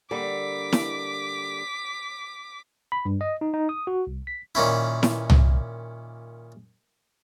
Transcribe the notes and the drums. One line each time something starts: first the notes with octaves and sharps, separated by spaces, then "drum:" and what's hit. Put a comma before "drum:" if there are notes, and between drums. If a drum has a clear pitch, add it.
D3 G3 A#3 D6 B6
drum: snare E4
B5
G2
D#5
D#4
D#4
D#6
F#4
C2
B6
A#2 D#3 C#4 E4
drum: snare E4
drum: tom